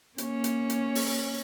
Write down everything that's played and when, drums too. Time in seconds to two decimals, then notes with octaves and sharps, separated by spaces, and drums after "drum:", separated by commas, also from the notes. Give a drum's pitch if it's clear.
0.18 A#3 C#4 C#5, drum: hi-hat
0.44 drum: hi-hat
0.70 drum: hi-hat
0.95 drum: open hi-hat